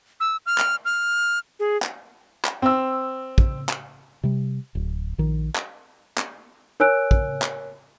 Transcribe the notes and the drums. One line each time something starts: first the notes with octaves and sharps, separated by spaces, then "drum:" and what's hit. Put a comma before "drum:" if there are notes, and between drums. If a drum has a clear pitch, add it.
E6
F6
drum: clap
F6
G#4
drum: clap
drum: clap
C4 E6
drum: kick
drum: clap
C3 G3
D1
A#1 D#3
drum: clap
drum: clap
A#4 C#5 G#5 E6 F#6 D7
drum: kick
drum: clap